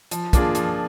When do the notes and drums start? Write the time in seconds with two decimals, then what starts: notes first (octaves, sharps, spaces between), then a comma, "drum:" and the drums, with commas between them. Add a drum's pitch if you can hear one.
0.11 F3, drum: hi-hat
0.33 A#3 D4 F4 G#4, drum: kick, hi-hat
0.55 F3, drum: hi-hat